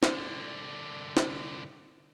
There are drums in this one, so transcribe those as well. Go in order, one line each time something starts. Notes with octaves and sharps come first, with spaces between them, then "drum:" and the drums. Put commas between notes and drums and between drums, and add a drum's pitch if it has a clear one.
C2 D3, drum: snare
drum: snare